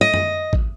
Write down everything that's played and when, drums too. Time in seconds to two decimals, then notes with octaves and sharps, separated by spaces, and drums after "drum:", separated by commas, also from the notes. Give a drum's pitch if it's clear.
0.01 D#5
0.14 drum: tom F#2
0.53 drum: kick G#1